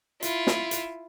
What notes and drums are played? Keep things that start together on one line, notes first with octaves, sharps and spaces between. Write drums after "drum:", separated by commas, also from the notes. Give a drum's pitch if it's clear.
E4 F4, drum: hi-hat
drum: snare
drum: hi-hat